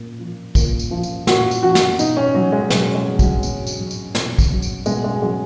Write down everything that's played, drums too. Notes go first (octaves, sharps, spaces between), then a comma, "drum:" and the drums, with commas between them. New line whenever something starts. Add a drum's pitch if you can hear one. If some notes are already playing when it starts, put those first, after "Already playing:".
Already playing: A#2
F3
A#2, drum: kick A#1, tambourine
drum: tambourine
F3
drum: tambourine
A#2 F#4, drum: snare
drum: tambourine
F3 F#4
drum: snare
B2 D#4, drum: tambourine
C#4
F#3
G#3
B2 F#3, drum: snare
G#3
F#3
F#3, drum: kick A#1, tambourine
B2, drum: tambourine
drum: tambourine
F#3
drum: tambourine
B2, drum: snare
drum: kick A#1, tambourine
F#3
drum: tambourine
B2 G#3, drum: tambourine
G#3
F#3 G#3